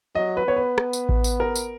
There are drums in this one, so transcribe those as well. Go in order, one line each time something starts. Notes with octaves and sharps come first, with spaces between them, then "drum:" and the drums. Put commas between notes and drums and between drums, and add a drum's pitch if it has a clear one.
F#3 D#5
B4
B3 C#5
B4
drum: rim click
drum: tambourine
drum: kick A1
drum: tambourine
A#4
drum: tambourine